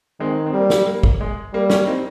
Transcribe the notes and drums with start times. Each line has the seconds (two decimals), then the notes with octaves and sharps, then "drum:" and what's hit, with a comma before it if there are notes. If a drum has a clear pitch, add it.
0.20 D#3 G#3 C4
0.46 C4
0.53 G3 A#3
0.70 drum: snare
0.87 A#3
1.03 drum: kick
1.21 G#3
1.53 G3 A#3
1.70 A#3 C#4, drum: snare
1.87 C4 D#4